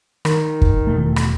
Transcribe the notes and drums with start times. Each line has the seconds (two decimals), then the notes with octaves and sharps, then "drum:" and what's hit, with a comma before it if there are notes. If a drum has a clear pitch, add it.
0.25 D#3, drum: rim click
0.61 drum: kick
0.87 E1 A3
1.16 drum: rim click